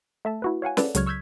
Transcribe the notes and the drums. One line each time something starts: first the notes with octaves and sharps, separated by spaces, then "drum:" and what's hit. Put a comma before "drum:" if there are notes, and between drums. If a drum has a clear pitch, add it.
A3 E5 A5
E4 F#4 B4
C#5 F5 F#5 G#5
A4 B4 D5, drum: snare
C#2 C#3 F#3 C#6 F6 G#6, drum: hi-hat
C#6 E6 F6 G6 G#6 B6